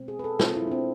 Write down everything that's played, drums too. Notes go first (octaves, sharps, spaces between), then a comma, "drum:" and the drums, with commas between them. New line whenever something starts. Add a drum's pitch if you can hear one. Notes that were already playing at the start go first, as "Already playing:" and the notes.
Already playing: B2 G#3 C4
G#4
B4
A4
B2 G#3 C4 F4, drum: snare
E4
D4
C4